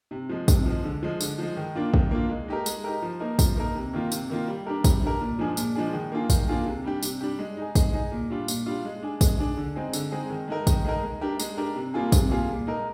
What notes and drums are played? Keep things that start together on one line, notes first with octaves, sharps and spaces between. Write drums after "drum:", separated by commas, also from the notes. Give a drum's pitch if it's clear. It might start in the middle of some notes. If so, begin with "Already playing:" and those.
C3
F3 G#3
C3, drum: kick, tambourine
F3 G#3
D3
F3 G#3
D3, drum: tambourine
F3 G#3
D#3
A#3 D4 F4
D#3, drum: kick
A#3 D4 F4
G#3
D#4 G4 A#4
G#3, drum: tambourine
D#4 G4 A#4
F3
A#3 D#4 A#4
F3, drum: kick, tambourine
A#3 D#4 A#4
C3
D#3 A#3 F4
C3, drum: tambourine
D#3 A#3 F4
G3
D4 G4 A#4
G3, drum: kick, tambourine
D4 G4 A#4
A#2
F3 G#3 D4 G#4
A#2, drum: tambourine
F3 G#3 D4 G#4
D#3
A#3 D4 F4 G#4
D#3, drum: kick, tambourine
A#3 D4 F4 G#4
C3
G3 D4 G4
C3, drum: tambourine
G3 D4 G4
G#3
D#4 G#4
G#3, drum: kick, tambourine
D#4 G#4
A#2
G3 D4 F4
A#2, drum: tambourine
G3 D4 F4
G#3
D4 G#4
G#3, drum: kick, tambourine
D4 G#4
D3
G#3 C4 D#4 G#4
D3, drum: tambourine
G#3 C4 D#4 G#4
D#3
G#3 D#4 A#4
D#3, drum: kick, tambourine
G#3 D#4 A#4
G#3
D4 G4 A#4
G#3, drum: tambourine
D4 G4 A#4
C3
G3 A#3 F4 G#4
C3, drum: kick, tambourine
G3 A#3 F4 G#4
A#2
G#3 D#4 A#4